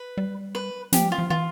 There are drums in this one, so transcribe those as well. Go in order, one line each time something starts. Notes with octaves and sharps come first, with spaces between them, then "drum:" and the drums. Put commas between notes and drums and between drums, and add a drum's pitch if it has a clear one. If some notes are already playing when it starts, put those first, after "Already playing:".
Already playing: B4
G3
B4
F3 G4, drum: snare
F4
F3
E3 F4